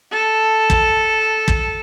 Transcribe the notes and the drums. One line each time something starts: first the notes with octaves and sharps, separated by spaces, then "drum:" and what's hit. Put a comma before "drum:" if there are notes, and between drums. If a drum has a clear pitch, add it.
A4
drum: kick
drum: kick